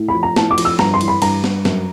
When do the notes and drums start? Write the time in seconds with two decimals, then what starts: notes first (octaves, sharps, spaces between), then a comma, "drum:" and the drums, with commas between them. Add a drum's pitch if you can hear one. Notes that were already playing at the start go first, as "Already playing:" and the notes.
Already playing: A2
0.08 B5
0.14 F3
0.23 A#5
0.36 A2 A5, drum: snare
0.51 D6
0.58 F3, drum: cymbal
0.65 E6
0.79 G2 A#5, drum: snare
0.94 C6
1.01 E3, drum: cymbal
1.08 B5
1.22 G2 A#5, drum: cymbal
1.44 G2, drum: snare
1.65 F#2, drum: snare